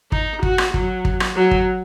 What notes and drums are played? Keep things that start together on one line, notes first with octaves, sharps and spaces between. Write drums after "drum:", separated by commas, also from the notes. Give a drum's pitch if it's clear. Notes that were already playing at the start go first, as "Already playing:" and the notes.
D#4, drum: kick
F#4, drum: kick
drum: rim click
F#3, drum: kick
drum: kick
drum: rim click
F#3
drum: kick